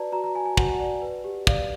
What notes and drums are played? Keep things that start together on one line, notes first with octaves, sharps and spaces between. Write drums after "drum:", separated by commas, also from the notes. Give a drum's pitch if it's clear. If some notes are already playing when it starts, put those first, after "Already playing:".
Already playing: F#4 B4 D5 A5 A#5
F#4 A#5
A#5
F#4 G#5
G#5
F#4 F#5, drum: kick
D5
B4
G4
D5 F5, drum: kick